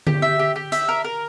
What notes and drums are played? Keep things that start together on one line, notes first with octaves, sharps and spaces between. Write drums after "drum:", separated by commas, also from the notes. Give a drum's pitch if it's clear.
G4, drum: tom D3
E5
G4
G4
E5, drum: hi-hat
A#4
A#4